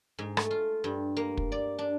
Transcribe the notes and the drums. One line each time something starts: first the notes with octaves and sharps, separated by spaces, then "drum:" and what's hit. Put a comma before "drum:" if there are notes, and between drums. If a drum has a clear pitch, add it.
G#2
A3, drum: rim click
F4
G2
A#3
drum: kick
D5
D4